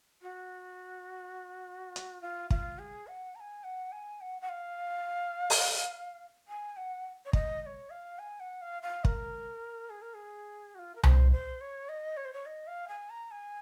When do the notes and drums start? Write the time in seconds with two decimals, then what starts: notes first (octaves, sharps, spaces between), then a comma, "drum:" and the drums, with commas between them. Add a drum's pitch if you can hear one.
0.22 F#4
1.96 drum: hi-hat
2.21 F4
2.50 F4, drum: kick
2.79 G#4
3.07 F#5
3.35 A#5
3.40 G#5
3.64 F#5
3.92 G#5
4.21 F#5
4.41 F#5
4.49 F5
5.50 drum: open hi-hat
6.48 G#5
6.77 F#5
7.25 C#5
7.33 D#5, drum: kick
7.62 D#5
7.66 C#5
7.90 F5
8.19 G#5
8.40 F#5
8.61 F5
8.83 F5
9.05 A#4, drum: kick
9.90 G#4
10.02 A#4
10.14 G#4
10.75 F#4
10.79 F4
10.95 A#4
11.03 C5, drum: tom C2
11.32 C5
11.61 C#5
11.89 D#5
12.17 C#5
12.25 C5
12.33 C#5
12.46 D#5
12.67 F5
12.88 G#5
13.10 A#5
13.31 G#5